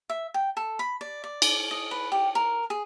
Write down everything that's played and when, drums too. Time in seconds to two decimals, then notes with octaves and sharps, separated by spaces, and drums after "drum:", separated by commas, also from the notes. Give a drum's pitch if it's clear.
0.10 E5
0.34 G5
0.57 A4
0.79 B5
1.01 D5
1.24 D5
1.42 drum: cymbal
1.71 D#5
1.91 B4
2.12 G4
2.35 A#4
2.70 G#4